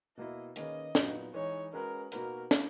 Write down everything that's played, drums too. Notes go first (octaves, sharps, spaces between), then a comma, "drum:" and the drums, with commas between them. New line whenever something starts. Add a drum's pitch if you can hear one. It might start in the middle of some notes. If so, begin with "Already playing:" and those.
B2 A#3 E4 D#5
D#3 A#3 C#4 G#4 B4 D#5, drum: hi-hat
A#2 F#3 B3 D#4, drum: snare
E3 G#3 D#4 C#5
G#3 C#4 F#4 A#4 B4
B2 A#3 D#4 F#4 A#4 B4, drum: hi-hat
A#3 E4 A#4 C#5, drum: snare